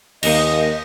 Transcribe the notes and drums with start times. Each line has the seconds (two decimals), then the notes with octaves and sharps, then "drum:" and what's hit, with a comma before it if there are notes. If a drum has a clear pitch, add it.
0.23 D#2 A#3 D#5 D#6 A#6, drum: cymbal